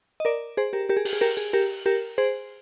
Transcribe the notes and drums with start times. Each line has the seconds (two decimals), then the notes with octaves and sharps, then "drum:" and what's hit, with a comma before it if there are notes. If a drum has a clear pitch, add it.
0.20 D#5
0.25 A#4 D5
0.57 G#4 C5
0.73 G4 A#4
0.89 G4 A#4
0.97 G#4
1.05 G4, drum: open hi-hat
1.13 G#4
1.21 G4 A#4
1.37 G#4, drum: tambourine
1.53 G4 A#4
1.86 G4 A#4
2.18 G#4 C5